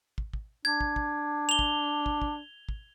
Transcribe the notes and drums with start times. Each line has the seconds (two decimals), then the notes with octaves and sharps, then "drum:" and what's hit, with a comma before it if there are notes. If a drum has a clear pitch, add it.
0.18 drum: kick
0.34 drum: kick
0.65 D4 G#6
0.81 drum: kick
0.96 drum: kick
1.49 F7 G7
1.59 drum: kick
2.06 drum: kick
2.22 drum: kick
2.69 drum: kick